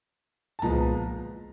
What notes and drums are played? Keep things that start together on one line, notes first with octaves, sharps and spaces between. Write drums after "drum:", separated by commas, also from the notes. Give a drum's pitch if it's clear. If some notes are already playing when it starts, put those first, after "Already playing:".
A5
A#2 F3 G#3 B3 A#5, drum: tom